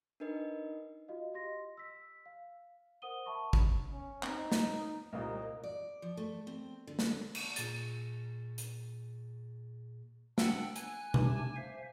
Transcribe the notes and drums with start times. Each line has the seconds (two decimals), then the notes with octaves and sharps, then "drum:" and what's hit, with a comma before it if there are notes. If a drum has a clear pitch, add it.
0.20 D4 D#4 A#4 B4 D#5
1.08 F4 F#4 D#5 F5
1.34 G4 D#5 C6 A#6
1.77 E6 B6
2.26 F5
3.02 A#4 C5 F#5 D#6 D#7 G7
3.26 E5 A5 B5 C#6
3.53 drum: kick
3.91 C#4
4.23 C4 D#4, drum: clap
4.52 drum: snare
5.13 C2 A#2 G3 D#5
5.63 D5
6.02 F3
6.17 A3
6.47 C4
6.87 D3
6.99 drum: snare
7.35 drum: cymbal
7.56 A#2 G#4 A6, drum: hi-hat
8.58 drum: hi-hat
10.38 D4 F#5 G5 E6, drum: snare
10.76 G#5 F#6, drum: hi-hat
11.14 A3 G4 A5, drum: tom B2
11.56 C5 E5 F5